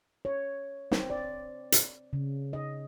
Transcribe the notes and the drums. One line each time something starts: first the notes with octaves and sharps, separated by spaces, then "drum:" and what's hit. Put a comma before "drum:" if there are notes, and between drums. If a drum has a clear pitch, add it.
C#5
C4, drum: snare
D5
drum: hi-hat
C#3
D#5